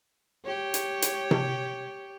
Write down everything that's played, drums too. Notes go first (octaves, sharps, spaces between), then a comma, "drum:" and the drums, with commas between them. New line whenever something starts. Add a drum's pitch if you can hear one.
G4 C#5
drum: hi-hat
drum: hi-hat
drum: tom C3